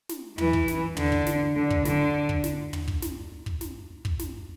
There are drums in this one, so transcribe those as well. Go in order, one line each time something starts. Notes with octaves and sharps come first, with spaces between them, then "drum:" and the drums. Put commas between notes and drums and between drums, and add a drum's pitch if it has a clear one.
drum: snare
E3, drum: tom
drum: kick
drum: snare
D3, drum: tom
drum: kick
drum: snare
D3
drum: kick
D3, drum: snare
drum: kick
drum: snare
drum: tom
drum: kick
drum: snare
drum: kick
drum: snare
drum: kick
drum: snare